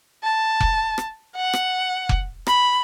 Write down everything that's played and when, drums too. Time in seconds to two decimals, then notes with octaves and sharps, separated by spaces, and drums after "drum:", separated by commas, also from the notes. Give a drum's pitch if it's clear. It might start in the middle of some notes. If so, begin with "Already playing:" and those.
0.23 A5
0.60 drum: kick F1
0.98 drum: rim click
1.35 F#5
1.53 drum: rim click
2.09 drum: kick F1
2.47 B5, drum: rim click